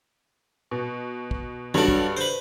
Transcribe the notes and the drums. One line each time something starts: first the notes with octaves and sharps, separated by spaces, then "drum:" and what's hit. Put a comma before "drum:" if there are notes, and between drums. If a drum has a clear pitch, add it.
B2
drum: kick
G2 F#3 D4 A4, drum: tom
drum: kick
B4 C5